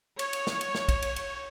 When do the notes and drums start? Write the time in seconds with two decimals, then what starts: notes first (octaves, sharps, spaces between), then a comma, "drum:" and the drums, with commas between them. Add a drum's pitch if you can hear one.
0.19 C#5, drum: cymbal
0.33 drum: cymbal
0.47 drum: snare
0.61 drum: cymbal
0.75 drum: snare
0.89 drum: kick, cymbal
1.02 drum: cymbal
1.16 drum: cymbal